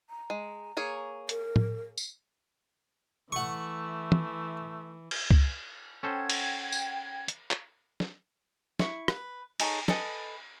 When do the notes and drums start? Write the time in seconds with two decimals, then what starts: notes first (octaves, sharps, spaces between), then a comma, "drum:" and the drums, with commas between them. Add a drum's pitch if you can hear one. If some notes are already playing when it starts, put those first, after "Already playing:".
0.10 A#5
0.30 G#3
0.77 A#3 G#4 C#5
1.29 A#4, drum: hi-hat
1.56 drum: tom A2
1.97 drum: tambourine
3.32 E3 A3 F#5 C#6
4.12 drum: tom
5.11 drum: cymbal
5.31 drum: kick C#2
6.03 C#4 A4 C5 F#5 G5 G#6
6.30 drum: cymbal
6.72 drum: tambourine
7.28 drum: hi-hat
7.51 drum: clap
8.00 drum: snare
8.79 E4 C#6, drum: snare
9.08 B4, drum: rim click
9.60 D#4 G#4 A4 C#5, drum: cymbal
9.88 A4 B4 D#5 G#5, drum: snare